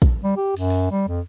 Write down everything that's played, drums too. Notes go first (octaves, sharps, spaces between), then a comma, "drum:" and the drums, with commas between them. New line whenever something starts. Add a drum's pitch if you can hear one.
drum: kick, hi-hat
G3
G4
F#2, drum: open hi-hat
drum: open hi-hat
G3
F2